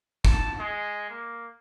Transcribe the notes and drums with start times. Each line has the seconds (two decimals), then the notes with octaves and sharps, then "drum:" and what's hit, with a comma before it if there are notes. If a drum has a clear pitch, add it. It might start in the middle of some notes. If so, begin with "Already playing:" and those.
0.25 A5, drum: kick
0.59 G#3
1.10 A#3